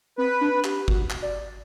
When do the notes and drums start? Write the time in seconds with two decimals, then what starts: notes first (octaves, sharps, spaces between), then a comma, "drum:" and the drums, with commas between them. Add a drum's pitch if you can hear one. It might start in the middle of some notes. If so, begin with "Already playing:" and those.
0.18 C4 B4
0.41 D4
0.64 G4, drum: clap
0.88 F#4, drum: kick G1
1.10 drum: clap
1.22 D5